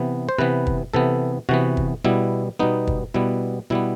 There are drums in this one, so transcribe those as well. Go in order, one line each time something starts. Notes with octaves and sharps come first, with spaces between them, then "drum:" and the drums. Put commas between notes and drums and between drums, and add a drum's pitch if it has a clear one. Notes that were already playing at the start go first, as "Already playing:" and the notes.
Already playing: C3 E3 B3
C5
C3 E3 B3 B4
drum: kick
C3 E3 B3 A4
C3 E3 B3 F#4
drum: kick
B2 G3 B3 E4
B2 G3 B3 D#4
drum: kick
B2 G3 B3 E4
B2 G3 B3 E4